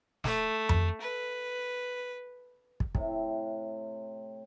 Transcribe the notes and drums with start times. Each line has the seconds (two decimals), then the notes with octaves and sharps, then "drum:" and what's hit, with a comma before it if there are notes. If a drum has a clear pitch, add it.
0.24 A3, drum: snare
0.69 drum: tom F2
1.01 B4
2.80 drum: kick
2.95 A2 C3, drum: kick